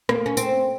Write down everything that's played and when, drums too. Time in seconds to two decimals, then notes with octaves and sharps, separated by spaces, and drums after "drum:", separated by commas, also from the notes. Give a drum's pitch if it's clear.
0.09 A#3, drum: rim click
0.26 C#4
0.37 C4, drum: tambourine